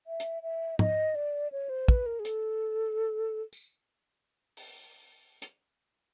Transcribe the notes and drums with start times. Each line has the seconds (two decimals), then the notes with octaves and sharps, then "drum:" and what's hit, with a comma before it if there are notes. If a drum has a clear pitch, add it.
0.07 E5
0.20 drum: hi-hat
0.43 E5
0.79 D#5, drum: tom G#2
1.15 D5
1.52 C#5
1.69 C5
1.88 B4, drum: kick
2.06 A#4
2.19 G#4
2.25 A4, drum: hi-hat
3.53 drum: tambourine
4.57 drum: open hi-hat
5.42 drum: hi-hat